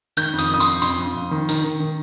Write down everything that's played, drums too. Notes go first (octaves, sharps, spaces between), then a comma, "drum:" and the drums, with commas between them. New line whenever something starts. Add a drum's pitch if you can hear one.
D#3 G6, drum: tambourine
F2
D#6, drum: tambourine
F2 D#6
C6, drum: tambourine
F2
F2 C6, drum: tambourine
F2
F2
D#3
D#3, drum: tambourine
D#3
D#3